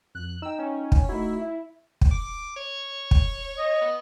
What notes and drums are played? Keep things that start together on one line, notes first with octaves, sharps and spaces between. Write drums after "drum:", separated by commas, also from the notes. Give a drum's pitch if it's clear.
F2 F#6
D#4 G5 E6
C#4
drum: kick
A3 D#4 E4 F#4
E5
drum: kick
D6
C#5
drum: kick
D#5
B3